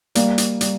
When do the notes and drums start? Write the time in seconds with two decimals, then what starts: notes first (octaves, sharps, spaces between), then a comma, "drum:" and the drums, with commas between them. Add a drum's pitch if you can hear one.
0.15 G3 A#3, drum: hi-hat
0.38 drum: hi-hat
0.61 G3, drum: hi-hat